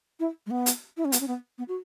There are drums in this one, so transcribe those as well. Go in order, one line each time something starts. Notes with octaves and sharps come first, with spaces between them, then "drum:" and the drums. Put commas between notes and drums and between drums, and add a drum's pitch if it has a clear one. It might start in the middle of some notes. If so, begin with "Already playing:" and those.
E4
G#3
B3
drum: hi-hat
E4
C#4
B3, drum: hi-hat
C#4
B3
B3
F#4